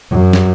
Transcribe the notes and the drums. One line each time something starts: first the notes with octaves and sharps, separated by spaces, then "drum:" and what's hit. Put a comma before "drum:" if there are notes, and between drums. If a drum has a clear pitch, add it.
F#2
drum: snare